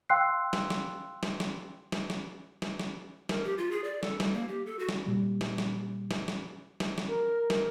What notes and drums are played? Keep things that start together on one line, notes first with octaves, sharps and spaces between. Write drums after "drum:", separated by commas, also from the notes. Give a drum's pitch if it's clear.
F5 G5 C6 E6 F#6 C7
drum: snare
drum: snare
drum: snare
drum: snare
drum: snare
drum: snare
drum: snare
drum: snare
A#4, drum: snare
G4
F4
G#4
D5
A4, drum: snare
G3, drum: snare
A#3
G4
A4
F#4
drum: snare
A#2 G3
drum: snare
drum: snare
drum: snare
drum: snare
drum: snare
drum: snare
A#4
drum: snare